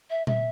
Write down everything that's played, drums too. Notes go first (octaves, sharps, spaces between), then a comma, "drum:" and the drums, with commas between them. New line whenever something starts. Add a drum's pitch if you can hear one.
E5
E5, drum: tom A#2